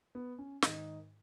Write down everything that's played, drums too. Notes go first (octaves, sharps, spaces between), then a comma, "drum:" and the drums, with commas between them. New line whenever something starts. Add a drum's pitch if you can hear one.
B3
C#4
G#2 D#3 D#4, drum: snare